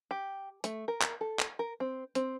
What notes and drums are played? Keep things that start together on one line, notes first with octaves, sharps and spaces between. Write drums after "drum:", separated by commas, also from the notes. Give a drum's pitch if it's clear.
G4
A3, drum: hi-hat
A#4
drum: clap
A4
drum: clap
A#4
C4
C4, drum: hi-hat